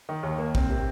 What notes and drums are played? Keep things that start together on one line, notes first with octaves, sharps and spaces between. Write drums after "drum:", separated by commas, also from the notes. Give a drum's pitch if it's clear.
D#3
D#2
A#3
C4, drum: kick A1
C3